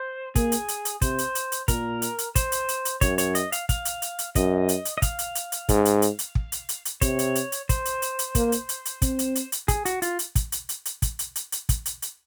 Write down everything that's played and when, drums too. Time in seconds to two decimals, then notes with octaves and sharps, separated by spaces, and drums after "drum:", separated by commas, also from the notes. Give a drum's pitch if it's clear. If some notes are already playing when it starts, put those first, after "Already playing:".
Already playing: C5
0.35 A#3 G#4, drum: kick, hi-hat
0.52 drum: hi-hat
0.68 drum: hi-hat
0.85 drum: hi-hat
1.02 C3 C5, drum: kick, hi-hat
1.18 drum: hi-hat
1.35 drum: hi-hat
1.52 drum: hi-hat
1.68 A#2 A#4, drum: kick, hi-hat
2.02 drum: hi-hat
2.18 drum: hi-hat
2.35 C5, drum: kick, hi-hat
2.52 drum: hi-hat
2.69 drum: hi-hat
2.85 drum: hi-hat
3.01 F#2 C#5, drum: kick, hi-hat
3.18 C#5, drum: hi-hat
3.35 D#5, drum: hi-hat
3.52 F5, drum: hi-hat
3.69 F5, drum: kick, hi-hat
3.85 drum: hi-hat
4.02 drum: hi-hat
4.19 drum: hi-hat
4.35 F#2 D#5, drum: kick, hi-hat
4.69 drum: hi-hat
4.85 drum: hi-hat
4.98 D#5
5.02 F5, drum: kick, hi-hat
5.19 drum: hi-hat
5.35 drum: hi-hat
5.52 drum: hi-hat
5.69 G#2, drum: kick, hi-hat
5.85 drum: hi-hat
6.02 drum: hi-hat
6.19 drum: hi-hat
6.35 drum: kick
6.52 drum: hi-hat
6.69 drum: hi-hat
6.85 drum: hi-hat
7.01 C3 C#5, drum: kick, hi-hat
7.19 drum: hi-hat
7.35 drum: hi-hat
7.52 drum: hi-hat
7.69 C5, drum: kick, hi-hat
7.85 drum: hi-hat
8.02 drum: hi-hat
8.19 drum: hi-hat
8.35 A#3, drum: kick, hi-hat
8.52 drum: hi-hat
8.69 drum: hi-hat
8.85 drum: hi-hat
9.02 C4, drum: kick, hi-hat
9.19 drum: hi-hat
9.35 drum: hi-hat
9.52 drum: hi-hat
9.68 G#4, drum: kick, hi-hat
9.85 F#4, drum: hi-hat
10.02 F4, drum: hi-hat
10.19 drum: hi-hat
10.35 drum: kick, hi-hat
10.52 drum: hi-hat
10.69 drum: hi-hat
10.85 drum: hi-hat
11.02 drum: kick, hi-hat
11.19 drum: hi-hat
11.36 drum: hi-hat
11.52 drum: hi-hat
11.69 drum: kick, hi-hat
11.86 drum: hi-hat
12.02 drum: hi-hat